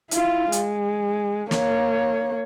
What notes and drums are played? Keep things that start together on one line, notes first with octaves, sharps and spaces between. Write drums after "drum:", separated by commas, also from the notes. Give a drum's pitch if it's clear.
E4 F4, drum: hi-hat
G#3, drum: hi-hat
A#3 C#5, drum: snare